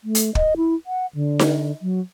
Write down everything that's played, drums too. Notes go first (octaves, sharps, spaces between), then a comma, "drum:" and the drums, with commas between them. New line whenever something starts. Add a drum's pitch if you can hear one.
A3
drum: hi-hat
D#5, drum: kick
E4
F#5
D3
drum: snare D#4
F#3